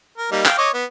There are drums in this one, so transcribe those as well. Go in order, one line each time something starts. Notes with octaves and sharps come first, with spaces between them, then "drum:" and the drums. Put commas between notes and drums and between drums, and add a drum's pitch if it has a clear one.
A#4
G3 A#3 D#4
F5 G5, drum: clap
C#5 D#5 D6
B3